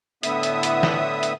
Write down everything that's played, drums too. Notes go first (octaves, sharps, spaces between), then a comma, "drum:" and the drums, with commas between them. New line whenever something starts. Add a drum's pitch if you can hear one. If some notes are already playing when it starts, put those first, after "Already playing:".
A2 D3 B3 E5 D#6, drum: hi-hat
drum: hi-hat
drum: hi-hat
drum: snare
drum: hi-hat